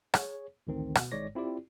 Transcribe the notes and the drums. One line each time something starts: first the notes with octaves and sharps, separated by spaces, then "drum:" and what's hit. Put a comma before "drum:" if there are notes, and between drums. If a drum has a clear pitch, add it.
G#4 C#5, drum: rim click
A1 D2 D#3 C4
B2, drum: rim click
G#1 G#2 G#3 C#5 D5 A#6
C4 E4 F4 G4 D5